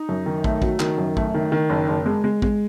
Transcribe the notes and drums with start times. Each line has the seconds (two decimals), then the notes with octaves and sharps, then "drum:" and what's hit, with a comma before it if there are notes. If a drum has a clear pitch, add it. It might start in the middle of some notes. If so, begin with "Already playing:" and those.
Already playing: D#4
0.09 F#2
0.26 D#3
0.44 A3, drum: kick
0.62 F#3, drum: kick
0.80 D#3, drum: clap
0.98 F#2
1.17 A3, drum: kick
1.34 D#3
1.52 D#3
1.70 F#1
1.88 F#1
2.06 G#3
2.24 G#3
2.42 G#3, drum: kick